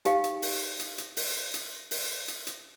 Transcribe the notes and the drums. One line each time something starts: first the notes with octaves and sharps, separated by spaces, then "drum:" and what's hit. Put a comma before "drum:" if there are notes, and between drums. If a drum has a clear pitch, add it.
D#4 G4 F5 G5, drum: hi-hat
drum: hi-hat
drum: open hi-hat
drum: hi-hat
drum: hi-hat
drum: open hi-hat
drum: hi-hat
drum: open hi-hat
drum: hi-hat
drum: hi-hat